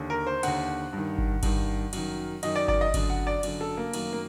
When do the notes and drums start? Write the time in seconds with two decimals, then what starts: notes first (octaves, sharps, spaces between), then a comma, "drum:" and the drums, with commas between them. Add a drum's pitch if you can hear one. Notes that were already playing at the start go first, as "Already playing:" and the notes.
Already playing: D#2 D3
0.10 A#4
0.27 C5
0.43 D#2 D3 F#5, drum: cymbal
0.93 G2
0.98 D#3
1.18 drum: kick G1
1.43 G2 D#3, drum: kick G1, cymbal
1.93 F#2 D#3, drum: cymbal
2.43 F#2 D#3 D#5, drum: cymbal
2.55 D5
2.68 D5, drum: kick G1
2.81 D#5
2.94 F#2 D3, drum: kick G1, cymbal
3.10 F#5
3.27 D5
3.43 F#2 D3, drum: cymbal
3.61 A4
3.77 A#3
3.93 F#2 D#3 A#3, drum: cymbal
4.13 A#3